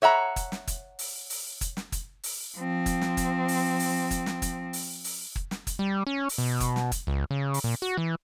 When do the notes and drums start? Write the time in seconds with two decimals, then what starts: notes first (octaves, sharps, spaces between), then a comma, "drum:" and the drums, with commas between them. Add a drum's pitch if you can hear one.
0.02 C#5 E5 F#5 A#5
0.36 drum: kick, hi-hat
0.52 drum: snare
0.67 drum: kick, hi-hat
0.99 drum: open hi-hat
1.30 drum: open hi-hat
1.61 drum: kick, hi-hat
1.77 drum: snare
1.92 drum: kick, hi-hat
2.23 drum: open hi-hat
2.58 F3 C4
2.86 drum: kick, hi-hat
3.01 drum: snare
3.17 drum: kick, hi-hat
3.48 drum: open hi-hat
3.80 drum: open hi-hat
4.11 drum: kick, hi-hat
4.26 drum: snare
4.42 drum: kick, hi-hat
4.73 drum: open hi-hat
5.04 drum: open hi-hat
5.36 drum: kick
5.51 drum: snare
5.67 drum: kick, hi-hat
5.79 G3
6.07 C#4
6.29 drum: open hi-hat
6.38 B2
6.60 drum: kick, hi-hat
6.76 drum: snare
6.92 drum: kick, hi-hat
7.07 C#2
7.31 C#3
7.54 drum: open hi-hat
7.64 A#2
7.82 F#4
7.97 E3